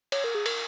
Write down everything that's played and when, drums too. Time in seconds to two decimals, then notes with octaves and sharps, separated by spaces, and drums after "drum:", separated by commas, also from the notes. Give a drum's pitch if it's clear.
0.12 C#5, drum: cymbal
0.24 A#4
0.35 G#4
0.46 A#4, drum: cymbal